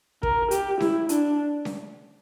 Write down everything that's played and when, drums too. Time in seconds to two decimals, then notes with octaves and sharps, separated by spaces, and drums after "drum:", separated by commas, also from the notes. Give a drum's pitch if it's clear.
0.23 A#4, drum: kick
0.51 G4, drum: hi-hat
0.80 E4, drum: snare C#4
1.09 D4, drum: hi-hat
1.65 drum: snare C#4